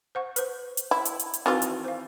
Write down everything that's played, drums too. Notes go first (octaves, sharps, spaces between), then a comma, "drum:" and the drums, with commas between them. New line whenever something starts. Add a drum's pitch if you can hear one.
C5 F#5 C#6
B4 C5, drum: hi-hat
drum: hi-hat
E4
drum: hi-hat
drum: hi-hat
drum: hi-hat
D#3 E3 C4 F4 F#4
drum: hi-hat
C5 F5